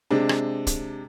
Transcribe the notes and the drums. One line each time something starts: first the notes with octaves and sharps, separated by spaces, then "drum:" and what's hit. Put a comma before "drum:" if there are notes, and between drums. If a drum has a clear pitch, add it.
C3 G#3 D4
drum: rim click
drum: kick, hi-hat